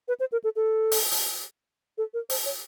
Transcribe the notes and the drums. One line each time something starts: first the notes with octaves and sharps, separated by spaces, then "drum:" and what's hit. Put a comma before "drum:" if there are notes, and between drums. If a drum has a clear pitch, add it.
B4
C5
A#4
A4
A4
drum: open hi-hat
drum: open hi-hat
A4
A#4
C5, drum: open hi-hat
C#5